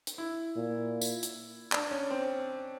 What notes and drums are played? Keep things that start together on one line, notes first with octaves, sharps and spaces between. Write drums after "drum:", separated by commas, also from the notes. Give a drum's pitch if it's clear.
drum: hi-hat
E4
A#2
drum: tambourine
drum: hi-hat
D4, drum: clap
C#4
C4